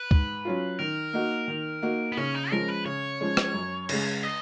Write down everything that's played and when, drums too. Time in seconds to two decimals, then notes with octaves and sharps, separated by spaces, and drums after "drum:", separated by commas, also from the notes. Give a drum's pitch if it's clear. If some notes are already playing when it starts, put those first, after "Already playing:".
Already playing: B4
0.11 G#2, drum: kick C#2
0.45 F#3 C#4 F4
0.79 D#3 A#4
1.13 A#3 D#4 F#4
1.48 D#3
1.82 A#3 D#4 F#4
2.12 B3
2.17 C#3 C#4
2.35 D#4
2.51 F3 G#3 C#4 A#4
2.68 B4
2.85 C#3 C#5
3.20 F3 G#3 C#4
3.37 drum: rim click
3.54 F#2
3.89 C#3 G#3, drum: cymbal
4.23 D#5